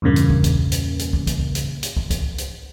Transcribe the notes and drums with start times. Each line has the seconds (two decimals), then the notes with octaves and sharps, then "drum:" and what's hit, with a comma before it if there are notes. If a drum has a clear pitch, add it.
0.02 E2 G2 A#2 C#3 A#3
0.16 drum: hi-hat
0.30 drum: kick
0.44 drum: kick, hi-hat
0.72 drum: hi-hat
0.99 drum: hi-hat
1.13 drum: kick
1.27 drum: kick, hi-hat
1.55 drum: hi-hat
1.83 drum: hi-hat
1.97 drum: kick
2.10 drum: kick, hi-hat
2.38 drum: hi-hat